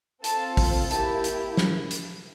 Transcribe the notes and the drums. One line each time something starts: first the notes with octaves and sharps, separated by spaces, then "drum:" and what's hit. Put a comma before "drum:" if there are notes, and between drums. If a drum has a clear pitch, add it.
C4 F4 A4 A5, drum: hi-hat
drum: kick, open hi-hat
A#3 E4 G4 A5, drum: hi-hat
drum: hi-hat
drum: snare
drum: hi-hat